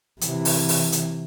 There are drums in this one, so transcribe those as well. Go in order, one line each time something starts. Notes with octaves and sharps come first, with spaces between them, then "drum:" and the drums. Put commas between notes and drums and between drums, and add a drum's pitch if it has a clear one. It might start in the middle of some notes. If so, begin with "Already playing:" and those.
C3 E3, drum: hi-hat
drum: open hi-hat
drum: open hi-hat
drum: hi-hat